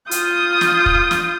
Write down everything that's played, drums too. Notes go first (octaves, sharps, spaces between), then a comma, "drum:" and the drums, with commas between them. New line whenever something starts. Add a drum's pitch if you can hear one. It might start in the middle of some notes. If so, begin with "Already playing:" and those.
F4 D#6 G6, drum: hi-hat
drum: snare
drum: kick
drum: snare